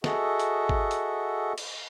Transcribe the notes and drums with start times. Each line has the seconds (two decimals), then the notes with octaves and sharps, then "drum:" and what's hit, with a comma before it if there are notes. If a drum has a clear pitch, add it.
0.04 F#4 G#4 A4 D#5 E5 F#5, drum: snare
0.40 drum: hi-hat
0.69 drum: kick
0.91 drum: hi-hat
1.58 drum: cymbal